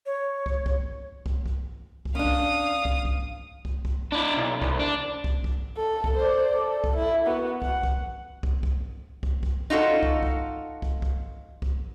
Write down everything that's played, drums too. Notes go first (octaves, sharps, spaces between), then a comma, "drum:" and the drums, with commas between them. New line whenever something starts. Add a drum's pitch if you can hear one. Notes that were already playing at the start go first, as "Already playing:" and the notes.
C#5
drum: kick
drum: kick
drum: kick
drum: kick
drum: kick
C#4 D4 F5 D#6
drum: kick
drum: kick
drum: kick
drum: kick
drum: kick
D4 E4
B1
C2, drum: kick
D4
drum: kick
drum: kick
A4
drum: kick
C5 D5
A4
drum: kick
E4
B3 F#4
F#5, drum: kick
drum: kick
drum: kick
drum: kick
drum: kick
drum: kick
D#4 F4 F#4 A4
drum: kick
drum: kick
drum: kick
drum: kick
drum: kick